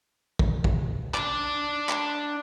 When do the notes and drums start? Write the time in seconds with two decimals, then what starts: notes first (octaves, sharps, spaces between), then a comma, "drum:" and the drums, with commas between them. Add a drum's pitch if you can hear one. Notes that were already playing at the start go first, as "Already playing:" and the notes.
0.39 drum: kick
0.64 drum: kick
1.14 D4 D5, drum: clap
1.89 drum: clap